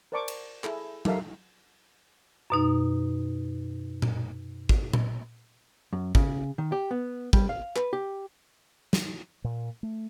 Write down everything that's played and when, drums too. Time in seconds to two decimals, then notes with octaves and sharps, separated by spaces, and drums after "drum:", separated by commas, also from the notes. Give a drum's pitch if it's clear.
0.12 A#4 C5 D5 A5 C#6 D6
0.28 drum: cymbal
0.64 E4 G#4 A4, drum: clap
1.05 D#4 G4 A4 A#4 E5 F5, drum: tom F#3
2.50 F#2 B2 D#4
4.02 drum: tom A#2
4.69 drum: kick
4.93 drum: tom A#2
5.93 F#2
6.15 C#3, drum: kick
6.58 D#3
6.72 G4
6.91 B3
7.33 G3, drum: kick
7.49 F5
7.76 B4, drum: clap
7.93 G4
8.93 drum: snare
9.44 A#2
9.83 A3